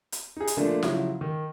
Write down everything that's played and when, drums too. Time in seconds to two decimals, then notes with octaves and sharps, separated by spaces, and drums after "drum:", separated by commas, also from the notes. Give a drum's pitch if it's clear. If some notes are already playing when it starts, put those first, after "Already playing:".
0.12 drum: hi-hat
0.37 D#4 G#4
0.47 drum: hi-hat
0.57 D3 F3 A3 A#3 D4
0.83 C#3 F3 F#3 E4, drum: snare
1.21 D#3